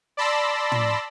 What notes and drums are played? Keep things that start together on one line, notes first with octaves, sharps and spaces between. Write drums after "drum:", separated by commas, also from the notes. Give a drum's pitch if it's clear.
D5 A5 B5 C6 E6 A#6
drum: tom